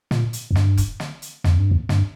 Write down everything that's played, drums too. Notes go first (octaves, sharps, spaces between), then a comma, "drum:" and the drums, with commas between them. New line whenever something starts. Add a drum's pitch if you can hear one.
A#2, drum: snare
drum: hi-hat
F2
G2, drum: snare
drum: kick F1, hi-hat
drum: snare
drum: hi-hat
F2, drum: snare
G2
F2
G2, drum: snare